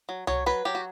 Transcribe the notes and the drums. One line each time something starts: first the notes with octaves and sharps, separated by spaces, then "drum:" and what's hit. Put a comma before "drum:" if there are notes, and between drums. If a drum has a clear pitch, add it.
F#3
F#3 C#5, drum: tom C2
F#3 B4
F#3 G4
F#4